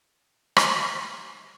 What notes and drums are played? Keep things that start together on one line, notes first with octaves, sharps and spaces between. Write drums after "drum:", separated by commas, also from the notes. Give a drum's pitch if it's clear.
C2 C5
drum: rim click